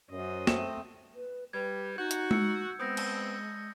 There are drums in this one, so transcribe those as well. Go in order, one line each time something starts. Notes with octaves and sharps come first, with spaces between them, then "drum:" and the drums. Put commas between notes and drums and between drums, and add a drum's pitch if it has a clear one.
F#2 C5 D#5
A3 C4 E7, drum: snare
B4
G3 B4 G#6
D#4 F#4 G6
drum: hi-hat
E6 C#7, drum: tom G#3
G#3 B3 C4 D#6 G6 A#6
drum: cymbal